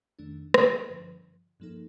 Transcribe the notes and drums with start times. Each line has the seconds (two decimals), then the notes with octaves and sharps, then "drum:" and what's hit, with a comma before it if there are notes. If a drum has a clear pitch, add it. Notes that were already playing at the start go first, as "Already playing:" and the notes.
0.19 F2 D#3 A3 D4
0.54 drum: rim click
0.90 G2 D3 F3
1.60 G2 F3 A#3 D#4 A4